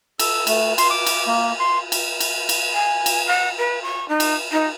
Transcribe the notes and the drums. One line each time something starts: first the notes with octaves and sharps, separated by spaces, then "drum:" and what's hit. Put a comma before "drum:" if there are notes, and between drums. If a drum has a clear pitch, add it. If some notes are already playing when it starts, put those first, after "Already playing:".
A4, drum: cymbal
A3, drum: cymbal
C6, drum: cymbal
D6
drum: cymbal
A#3
C6
drum: cymbal
drum: cymbal
drum: cymbal
G#5
drum: cymbal
F#5
B4
C#6
D#4
drum: cymbal
D#4